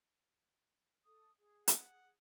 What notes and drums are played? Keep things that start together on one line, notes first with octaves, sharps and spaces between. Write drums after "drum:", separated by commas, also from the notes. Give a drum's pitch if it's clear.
A4 D#6
G#4
F#5, drum: hi-hat